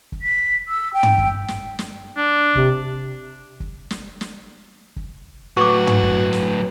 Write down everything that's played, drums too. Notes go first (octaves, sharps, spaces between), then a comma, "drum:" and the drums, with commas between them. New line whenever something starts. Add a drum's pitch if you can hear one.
drum: kick
B6
E6
G5
drum: tom
drum: kick
drum: snare
drum: snare
D4
C3, drum: kick
drum: kick
drum: snare
drum: snare
drum: kick
A2 F#3 F#4 B4 C#6 D6
drum: tom
drum: kick
drum: snare